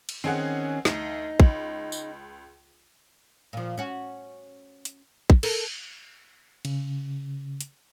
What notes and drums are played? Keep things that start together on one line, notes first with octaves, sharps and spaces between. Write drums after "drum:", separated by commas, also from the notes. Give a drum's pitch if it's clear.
drum: cymbal
D#3 C4 C#4 G#4 F#5
D2 D#4, drum: snare
C#2, drum: kick
drum: tambourine
A#2 F3
C#4 F#4
drum: hi-hat
drum: kick
A4 A#4, drum: cymbal
C#3, drum: cymbal
drum: hi-hat